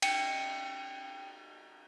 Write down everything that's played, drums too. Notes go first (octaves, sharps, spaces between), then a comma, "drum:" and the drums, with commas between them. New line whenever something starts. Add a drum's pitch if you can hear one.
G5 C#7, drum: cymbal